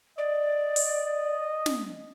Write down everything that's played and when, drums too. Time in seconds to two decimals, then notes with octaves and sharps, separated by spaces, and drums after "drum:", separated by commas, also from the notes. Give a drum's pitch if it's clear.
0.18 D5 D#5
0.76 drum: open hi-hat
1.66 drum: snare